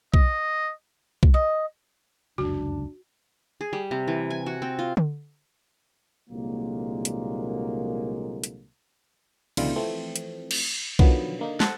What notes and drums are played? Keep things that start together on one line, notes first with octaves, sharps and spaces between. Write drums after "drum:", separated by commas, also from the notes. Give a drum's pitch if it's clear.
D#5, drum: kick B1
drum: kick B1
D#5
F1 C#2 F#2 D4 F#4
G#4
G3
C3
E3
G#5
F#4
C4
F4
drum: tom D3
C2 A#2 D3 F#3 G#3 A#3
drum: hi-hat
drum: hi-hat
C#2 B2 D3 E3 E4 F4, drum: cymbal
E3 F3 A3 C4
drum: hi-hat
drum: cymbal
B2 D3 D#3 F3 F#3 B3, drum: kick B1
D3 A#3 D#4
A4 C5 F#5 A5, drum: snare